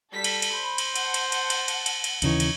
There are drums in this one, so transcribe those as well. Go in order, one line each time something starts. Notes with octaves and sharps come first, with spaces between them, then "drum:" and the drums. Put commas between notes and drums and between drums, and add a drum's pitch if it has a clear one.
G3 A4 B6
drum: cymbal
drum: cymbal
C5 B5
drum: cymbal
F#5 A5, drum: cymbal
drum: cymbal
drum: cymbal
drum: cymbal
drum: cymbal
drum: cymbal
drum: cymbal
D#2 C#3 E3 D#4 C#5, drum: cymbal
drum: cymbal